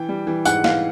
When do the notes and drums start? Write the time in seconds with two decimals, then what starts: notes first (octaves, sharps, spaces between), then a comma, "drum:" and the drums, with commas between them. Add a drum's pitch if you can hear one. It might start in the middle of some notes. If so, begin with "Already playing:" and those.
Already playing: E3 G5
0.09 G3
0.27 E3
0.45 G#2 F#5, drum: tambourine
0.64 E3 F5, drum: snare